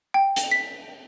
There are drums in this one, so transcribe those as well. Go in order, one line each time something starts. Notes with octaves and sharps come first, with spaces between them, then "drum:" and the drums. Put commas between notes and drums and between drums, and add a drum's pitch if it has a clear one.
G5
drum: hi-hat
B6